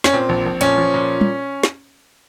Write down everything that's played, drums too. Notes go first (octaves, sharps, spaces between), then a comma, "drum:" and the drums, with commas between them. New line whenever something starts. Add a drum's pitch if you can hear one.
C#4, drum: snare
A#2 C4
A#1
A#1
A#2 C#4, drum: hi-hat
F3
A#2
drum: tom
drum: snare